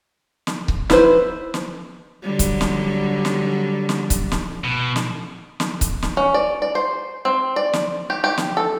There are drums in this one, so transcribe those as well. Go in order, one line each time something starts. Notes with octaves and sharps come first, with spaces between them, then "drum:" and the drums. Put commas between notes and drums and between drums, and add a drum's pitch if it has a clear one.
drum: snare
drum: kick C#1
E4 B4 C5, drum: snare
drum: snare
D3 F#3 G3
drum: kick C#1, hi-hat
drum: snare
drum: snare
drum: snare
drum: kick C#1, hi-hat
drum: snare
B2
drum: snare
drum: snare
drum: kick C#1, hi-hat
drum: snare
C#4
D5
D5
C5
C4
D5
drum: snare
G4
G4
drum: snare
A4